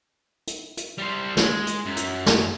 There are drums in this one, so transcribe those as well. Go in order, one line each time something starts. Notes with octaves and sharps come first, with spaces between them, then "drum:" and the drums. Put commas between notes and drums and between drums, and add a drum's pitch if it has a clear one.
drum: hi-hat
drum: hi-hat
G3 C5
G#3, drum: snare
drum: hi-hat
F#2
drum: hi-hat
drum: snare